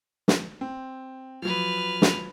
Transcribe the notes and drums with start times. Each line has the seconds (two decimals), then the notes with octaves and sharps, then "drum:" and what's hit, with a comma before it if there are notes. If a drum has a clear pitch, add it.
0.28 drum: snare
0.61 C4
1.42 F3 F#3 B4 F6
2.02 drum: snare